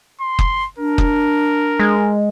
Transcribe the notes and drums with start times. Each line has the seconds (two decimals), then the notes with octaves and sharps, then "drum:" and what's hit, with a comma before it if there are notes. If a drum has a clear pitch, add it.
0.21 C6
0.39 drum: kick
0.78 D4 A#4
0.98 drum: kick
1.80 G#3